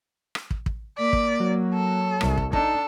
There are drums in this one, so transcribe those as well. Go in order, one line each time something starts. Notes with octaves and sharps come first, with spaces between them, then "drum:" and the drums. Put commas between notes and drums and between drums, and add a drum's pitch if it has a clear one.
drum: rim click
drum: kick
drum: kick
A#3 D5 B6
drum: kick
F#3
A4
C2, drum: rim click
drum: kick
D4 D#4 A4, drum: kick